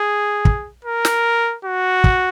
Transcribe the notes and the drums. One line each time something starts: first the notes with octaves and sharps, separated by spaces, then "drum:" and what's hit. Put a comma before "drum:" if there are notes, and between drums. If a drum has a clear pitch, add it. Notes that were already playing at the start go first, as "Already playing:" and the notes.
Already playing: G#4
drum: kick
A#4
drum: snare
F#4
drum: kick